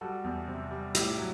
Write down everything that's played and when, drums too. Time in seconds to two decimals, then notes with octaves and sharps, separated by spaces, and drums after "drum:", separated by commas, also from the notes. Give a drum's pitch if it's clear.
0.01 G3 F#4 A4
0.24 E2
0.47 C3
0.71 G3
0.95 A2 E4 G4, drum: hi-hat
1.18 F#3